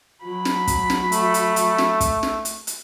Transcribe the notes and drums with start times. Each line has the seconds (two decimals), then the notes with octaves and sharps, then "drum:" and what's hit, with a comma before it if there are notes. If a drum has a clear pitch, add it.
0.24 F#3 B5
0.45 drum: snare
0.67 drum: kick, hi-hat
0.90 drum: snare
1.12 A3, drum: hi-hat
1.34 drum: hi-hat
1.56 drum: hi-hat
1.78 drum: snare
2.01 drum: kick, hi-hat
2.23 drum: snare
2.45 drum: hi-hat
2.67 drum: hi-hat